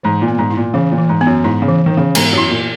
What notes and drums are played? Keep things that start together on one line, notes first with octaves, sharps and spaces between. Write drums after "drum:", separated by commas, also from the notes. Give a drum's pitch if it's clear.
G#2 E3
A#2
B3
G#2
E4
A#2
C#3 E3
A#2
E3
G#2
B3
F#2
G#2 E4
C#3
E3
D#3
E3
C#3
G#2 B3, drum: cymbal
F#2
E4
A#2